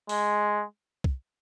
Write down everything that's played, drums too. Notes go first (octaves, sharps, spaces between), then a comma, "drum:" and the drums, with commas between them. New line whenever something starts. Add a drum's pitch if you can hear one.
G#3, drum: open hi-hat
drum: kick